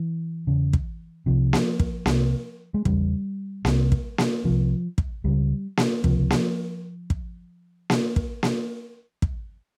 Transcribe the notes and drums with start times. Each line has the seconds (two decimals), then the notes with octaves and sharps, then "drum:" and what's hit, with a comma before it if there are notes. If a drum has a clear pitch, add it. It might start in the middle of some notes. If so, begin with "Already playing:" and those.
Already playing: E3
0.47 E2 C#3
0.73 drum: kick
1.26 C2 C3 F3
1.53 drum: snare A#3
1.79 drum: kick
2.06 C2 C3, drum: snare A#3
2.74 G#3
2.85 E2 C#3 G3, drum: kick
3.65 C2 C3, drum: snare A#3
3.92 drum: kick
4.18 drum: snare A#3
4.45 C2 C3 F3
4.98 drum: kick
5.24 C#2 C#3 G3
5.77 drum: snare A#3
6.04 C#2 C3 F3, drum: kick
6.30 drum: snare A#3
7.10 drum: kick
7.90 drum: snare A#3
8.16 drum: kick
8.43 drum: snare A#3
9.22 drum: kick